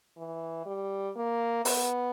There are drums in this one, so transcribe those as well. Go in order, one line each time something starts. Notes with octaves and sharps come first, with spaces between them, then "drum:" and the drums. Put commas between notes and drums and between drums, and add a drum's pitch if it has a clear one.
E3
G3
A#3
B3, drum: open hi-hat